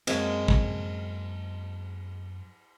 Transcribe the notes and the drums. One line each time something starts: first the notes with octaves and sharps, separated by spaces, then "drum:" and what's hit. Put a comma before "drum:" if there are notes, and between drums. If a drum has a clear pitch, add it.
F#2 G#3 A#3 C4, drum: cymbal
drum: kick